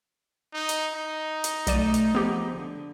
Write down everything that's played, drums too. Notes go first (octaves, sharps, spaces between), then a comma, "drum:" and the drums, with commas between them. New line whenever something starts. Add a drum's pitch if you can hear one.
D#4
drum: hi-hat
D#4
drum: hi-hat
B1 A3 D5 D#7, drum: hi-hat
drum: hi-hat
F3 B3 G4
D3